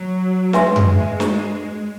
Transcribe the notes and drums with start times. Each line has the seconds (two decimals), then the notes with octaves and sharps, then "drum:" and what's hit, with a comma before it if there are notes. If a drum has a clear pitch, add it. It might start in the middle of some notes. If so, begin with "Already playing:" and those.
Already playing: F#3
0.53 G#3 B4 E5 G#5 C6, drum: snare
0.76 drum: tom F#2
1.20 drum: snare